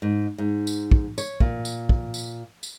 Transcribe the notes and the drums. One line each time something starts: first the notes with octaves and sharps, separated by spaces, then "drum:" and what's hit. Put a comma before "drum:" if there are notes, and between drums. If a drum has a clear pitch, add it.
G#2
G#2
drum: tambourine
drum: kick
C#5, drum: tambourine
A#2, drum: kick
drum: tambourine
drum: kick
drum: tambourine
drum: tambourine